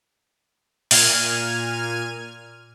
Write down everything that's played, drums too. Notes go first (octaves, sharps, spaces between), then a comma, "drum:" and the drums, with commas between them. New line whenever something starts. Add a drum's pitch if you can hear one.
A#2 F6 G#6 D#7, drum: open hi-hat